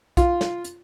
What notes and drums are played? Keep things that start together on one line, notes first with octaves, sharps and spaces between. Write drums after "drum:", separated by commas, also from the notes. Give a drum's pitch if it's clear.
F4, drum: kick B1, hi-hat
drum: snare
drum: hi-hat